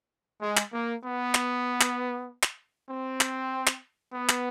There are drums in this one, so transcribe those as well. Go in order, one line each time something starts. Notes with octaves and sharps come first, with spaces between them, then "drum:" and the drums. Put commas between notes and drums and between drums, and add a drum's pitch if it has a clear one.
G#3
drum: clap
A#3
B3
drum: clap
drum: clap
drum: clap
C4
drum: clap
drum: clap
B3
drum: clap